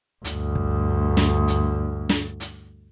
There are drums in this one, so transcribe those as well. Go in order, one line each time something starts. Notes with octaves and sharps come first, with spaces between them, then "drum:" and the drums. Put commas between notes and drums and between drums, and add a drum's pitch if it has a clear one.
D2 G2, drum: hi-hat
drum: kick
drum: snare
drum: hi-hat
drum: snare
drum: hi-hat